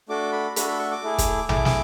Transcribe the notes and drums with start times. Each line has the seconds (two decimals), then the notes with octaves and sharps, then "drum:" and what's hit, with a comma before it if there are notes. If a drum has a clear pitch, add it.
0.09 A3 D4 F#4 A4 D6
0.32 B5
0.56 A3 D4 F#4 A4 B5, drum: hi-hat
0.68 B5
0.79 C#6
0.91 D6
1.03 A3 E4 G#4
1.18 drum: kick, hi-hat
1.49 A3 E4 G#4 D6, drum: tom A#1
1.65 drum: snare